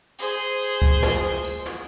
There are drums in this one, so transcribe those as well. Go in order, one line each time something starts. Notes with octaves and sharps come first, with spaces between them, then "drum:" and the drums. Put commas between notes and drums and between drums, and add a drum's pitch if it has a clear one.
G#4 C5, drum: tambourine
drum: tambourine
drum: kick C#2
drum: snare
drum: tambourine
drum: snare